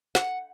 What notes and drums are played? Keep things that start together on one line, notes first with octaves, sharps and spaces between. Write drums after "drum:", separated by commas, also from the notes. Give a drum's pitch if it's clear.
F#5, drum: snare